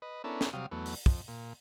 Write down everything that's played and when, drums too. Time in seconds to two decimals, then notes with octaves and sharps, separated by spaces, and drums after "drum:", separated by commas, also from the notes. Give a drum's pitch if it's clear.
0.02 B4 D#5
0.24 B3 C#4 D4 E4 A4 A#4
0.41 drum: snare
0.53 C3 F#3 G3 F5 D#6
0.71 E2 F#3 A3 B3
0.86 drum: open hi-hat
1.06 F2, drum: kick
1.28 A#2